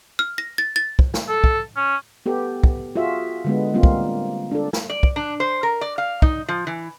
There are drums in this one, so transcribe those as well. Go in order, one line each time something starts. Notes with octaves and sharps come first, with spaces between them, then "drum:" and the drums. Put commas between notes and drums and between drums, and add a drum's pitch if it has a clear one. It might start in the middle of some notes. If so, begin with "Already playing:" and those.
F6
A#6
A6
A6
drum: kick
drum: snare
A4
drum: kick
C#4
B3 G4 A4
drum: kick
F4 F#4 G#4 E5
D3 G#3 B3
G3 A#3 C4 F4
drum: kick
D4 A4
drum: snare
D5
drum: kick
D4
C5
A#4
D5
F5
D#4, drum: kick
F3
E3